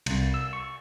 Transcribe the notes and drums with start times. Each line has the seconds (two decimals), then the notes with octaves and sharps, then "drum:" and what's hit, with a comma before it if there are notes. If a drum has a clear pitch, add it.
0.06 C2, drum: cymbal
0.34 E6
0.53 C#6